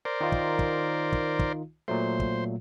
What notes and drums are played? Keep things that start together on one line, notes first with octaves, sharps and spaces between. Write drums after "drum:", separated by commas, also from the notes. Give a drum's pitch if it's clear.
A#4 C5 D5
D#3 D#4 F4
drum: kick
drum: kick
drum: kick
drum: kick
A#2 F#3 A3 C5
drum: kick